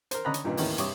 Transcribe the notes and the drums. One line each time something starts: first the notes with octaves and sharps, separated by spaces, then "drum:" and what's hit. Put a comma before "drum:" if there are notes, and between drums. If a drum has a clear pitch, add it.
A#4 C5, drum: hi-hat
D3 C#4 D#5 A#5 B5 F#6
drum: hi-hat
G2 A#2 C#3 D#4 B4
E2 A2 D#3 A#3 B3 C#4, drum: open hi-hat
G2 C3 C#5 D6 D#6, drum: hi-hat